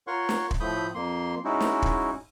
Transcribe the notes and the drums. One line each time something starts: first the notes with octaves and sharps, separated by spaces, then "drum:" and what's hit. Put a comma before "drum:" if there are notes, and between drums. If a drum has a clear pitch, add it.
F4 A#4 C#5 F#5 C6 C#6
drum: snare
drum: kick
A2 F3 A3 B5 D#6 G6
F2 A#3 C6
G#3 C#4 D#4 E4 F#4
drum: snare
drum: kick